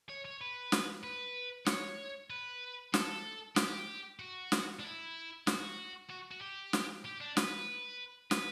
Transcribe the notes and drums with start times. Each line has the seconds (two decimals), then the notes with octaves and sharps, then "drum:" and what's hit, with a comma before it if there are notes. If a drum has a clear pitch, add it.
0.09 C#5
0.25 C#5
0.41 B4
0.72 drum: snare
1.04 B4
1.66 C#5, drum: snare
2.30 B4
2.94 A4, drum: snare
3.56 G4, drum: snare
4.19 F#4
4.52 drum: snare
4.79 D4
4.84 E4
5.47 F#4, drum: snare
6.10 F#4
6.32 F#4
6.41 G4
6.73 drum: snare
7.05 G4
7.21 D4
7.37 B4, drum: snare
8.31 B4, drum: snare